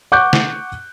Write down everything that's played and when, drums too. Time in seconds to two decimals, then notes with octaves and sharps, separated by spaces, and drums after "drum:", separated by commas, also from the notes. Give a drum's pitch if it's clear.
0.12 F#5 C#6 D6 F#6 G6
0.33 drum: snare